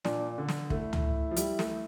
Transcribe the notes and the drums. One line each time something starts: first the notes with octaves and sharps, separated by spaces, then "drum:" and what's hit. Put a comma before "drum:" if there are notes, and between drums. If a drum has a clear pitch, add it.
A#2 D4, drum: snare
D3
drum: snare
A3 E4, drum: kick
drum: tom C#2
F3
G3, drum: hi-hat
A3, drum: snare